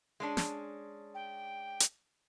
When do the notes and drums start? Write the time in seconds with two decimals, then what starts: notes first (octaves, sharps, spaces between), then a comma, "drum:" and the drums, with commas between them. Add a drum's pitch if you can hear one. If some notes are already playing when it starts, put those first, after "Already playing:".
0.20 G#3 C#4 D4
0.37 drum: snare
1.14 G5
1.80 drum: hi-hat